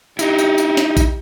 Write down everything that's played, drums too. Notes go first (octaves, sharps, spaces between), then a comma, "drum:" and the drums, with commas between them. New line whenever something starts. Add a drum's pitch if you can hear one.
D#4 E4 G4, drum: tambourine
drum: tambourine
drum: tambourine
drum: snare
drum: kick A1, tambourine